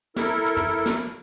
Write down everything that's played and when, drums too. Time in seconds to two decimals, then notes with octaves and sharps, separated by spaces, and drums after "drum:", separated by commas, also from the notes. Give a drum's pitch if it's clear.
0.16 E4 A4 A#4, drum: snare
0.57 drum: tom
0.86 drum: snare